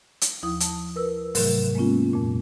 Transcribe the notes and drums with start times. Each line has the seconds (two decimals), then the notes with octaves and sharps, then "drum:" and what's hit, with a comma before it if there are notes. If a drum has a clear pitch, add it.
0.21 drum: hi-hat
0.43 D#2 F3 E4 D#6
0.60 A5, drum: hi-hat
0.96 A#4 B4 E6
1.35 G#2 C3 E3 F#3 A3 A#4, drum: open hi-hat
1.75 G#3 A#3 B3 C#4 F4
2.13 F2 A#2